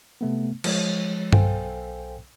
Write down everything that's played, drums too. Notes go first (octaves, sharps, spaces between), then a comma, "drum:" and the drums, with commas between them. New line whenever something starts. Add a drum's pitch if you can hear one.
C3 A3 B3
F3 G#3 C#5, drum: cymbal
B1 A4 C5 F5 G5 G#5, drum: tom G2